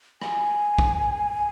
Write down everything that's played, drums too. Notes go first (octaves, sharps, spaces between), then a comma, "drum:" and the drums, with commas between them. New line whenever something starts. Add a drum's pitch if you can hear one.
G#5, drum: rim click
drum: kick